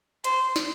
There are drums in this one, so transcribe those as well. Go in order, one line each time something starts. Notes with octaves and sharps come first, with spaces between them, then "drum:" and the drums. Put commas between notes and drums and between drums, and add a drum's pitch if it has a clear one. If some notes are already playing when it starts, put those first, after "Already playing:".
C5, drum: hi-hat
drum: snare